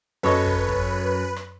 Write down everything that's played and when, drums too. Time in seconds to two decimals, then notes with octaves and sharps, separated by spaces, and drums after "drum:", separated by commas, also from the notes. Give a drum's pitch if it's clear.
0.23 F#2 A4 B4 C#5 D#5
0.46 drum: kick
0.69 drum: kick
1.36 drum: rim click